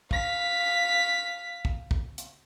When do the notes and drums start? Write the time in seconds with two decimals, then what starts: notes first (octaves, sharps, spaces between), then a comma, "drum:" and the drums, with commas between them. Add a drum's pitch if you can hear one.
0.11 F5 B6, drum: kick
1.65 drum: kick
1.91 drum: kick
2.18 drum: hi-hat